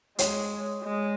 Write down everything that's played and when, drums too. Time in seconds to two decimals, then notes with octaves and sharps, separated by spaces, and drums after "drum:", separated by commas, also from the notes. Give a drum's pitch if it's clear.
0.19 G#3 C#5, drum: hi-hat
0.84 G#3